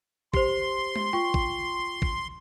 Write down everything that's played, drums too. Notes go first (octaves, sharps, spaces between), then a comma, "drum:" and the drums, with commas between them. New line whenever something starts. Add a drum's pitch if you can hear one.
G4 C5 C6, drum: kick
drum: tom G#3
F4 G5 C#6
drum: kick
drum: kick